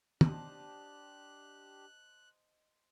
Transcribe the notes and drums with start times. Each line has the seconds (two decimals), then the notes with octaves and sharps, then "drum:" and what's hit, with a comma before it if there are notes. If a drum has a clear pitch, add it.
0.21 D4 G4 C5 D#5 A5 F#6, drum: tom